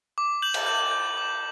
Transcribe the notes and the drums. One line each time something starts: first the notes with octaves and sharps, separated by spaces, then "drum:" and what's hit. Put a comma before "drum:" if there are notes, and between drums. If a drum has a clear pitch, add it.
D6
G6 F#7
drum: cymbal
G6
G6
D6